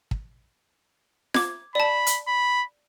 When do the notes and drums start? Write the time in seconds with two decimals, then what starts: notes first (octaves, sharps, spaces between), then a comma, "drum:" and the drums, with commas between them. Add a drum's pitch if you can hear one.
0.11 drum: kick
1.34 D6 G#6, drum: snare F4
1.75 D5 A5 B5
2.07 drum: hi-hat
2.28 B5